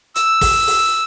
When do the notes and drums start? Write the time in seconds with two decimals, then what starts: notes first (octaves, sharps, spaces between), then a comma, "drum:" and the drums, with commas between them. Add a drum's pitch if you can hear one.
0.15 E6, drum: hi-hat
0.41 drum: kick, open hi-hat
0.67 drum: open hi-hat